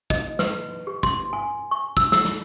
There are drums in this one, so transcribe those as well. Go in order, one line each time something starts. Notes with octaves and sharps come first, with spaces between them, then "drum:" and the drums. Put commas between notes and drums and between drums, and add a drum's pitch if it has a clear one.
D#5, drum: kick
B4, drum: snare
G4
C6, drum: kick
G#5
C#6
E6, drum: kick
E6, drum: snare
drum: snare